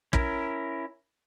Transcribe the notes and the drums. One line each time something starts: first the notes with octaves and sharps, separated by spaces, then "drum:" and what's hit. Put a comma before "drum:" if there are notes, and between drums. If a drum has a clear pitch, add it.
C#4 E4 A#4, drum: kick